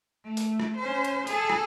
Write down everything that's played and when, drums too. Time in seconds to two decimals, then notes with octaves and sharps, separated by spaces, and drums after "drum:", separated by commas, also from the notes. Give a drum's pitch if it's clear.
0.24 A3
0.37 drum: open hi-hat
0.60 drum: rim click
0.77 C#4 C5
1.05 drum: hi-hat
1.27 G#4 A4, drum: open hi-hat
1.50 drum: rim click